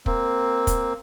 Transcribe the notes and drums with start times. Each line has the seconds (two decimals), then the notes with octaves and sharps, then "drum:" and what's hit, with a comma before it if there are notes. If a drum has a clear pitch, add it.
0.06 A#3 C4, drum: kick
0.67 drum: kick, hi-hat